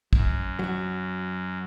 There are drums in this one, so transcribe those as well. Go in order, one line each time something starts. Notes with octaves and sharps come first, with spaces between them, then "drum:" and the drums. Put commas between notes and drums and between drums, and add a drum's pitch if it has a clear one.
F#2, drum: kick
F#3 F#4